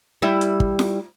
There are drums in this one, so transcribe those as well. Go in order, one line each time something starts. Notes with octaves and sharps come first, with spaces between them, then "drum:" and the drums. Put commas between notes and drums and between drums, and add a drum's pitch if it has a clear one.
G3 E4
drum: hi-hat
drum: kick
drum: snare F4